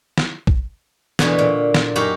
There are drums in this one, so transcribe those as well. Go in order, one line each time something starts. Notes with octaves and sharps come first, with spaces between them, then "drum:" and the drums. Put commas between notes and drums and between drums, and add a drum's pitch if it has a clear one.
drum: snare
drum: kick A#1
E2 B2 D3 B3 B4 G#5, drum: snare
A#2
A#2, drum: snare
F#2 D#4 F#4 G4 A#5 B5